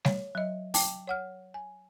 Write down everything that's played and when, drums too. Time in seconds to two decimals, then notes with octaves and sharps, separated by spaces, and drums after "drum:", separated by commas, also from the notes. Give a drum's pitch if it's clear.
0.05 C#5, drum: snare G3
0.35 F#3 D#5
0.74 G5 A5 D6, drum: open hi-hat
1.07 C#5 F#5 F6
1.54 G#5